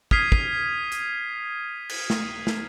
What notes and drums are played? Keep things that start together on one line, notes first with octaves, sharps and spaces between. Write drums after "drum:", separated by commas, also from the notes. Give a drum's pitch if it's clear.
D#6 F6 G#6 B6 C7 D#7, drum: kick
drum: kick
drum: hi-hat
drum: cymbal
drum: snare
drum: snare